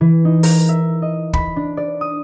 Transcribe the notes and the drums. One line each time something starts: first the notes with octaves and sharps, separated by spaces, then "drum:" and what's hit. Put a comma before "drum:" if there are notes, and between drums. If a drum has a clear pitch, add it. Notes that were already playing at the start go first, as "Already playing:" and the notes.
E3
D#4
A#4, drum: open hi-hat
E5
D#5
B5, drum: kick
D4
D5
D#6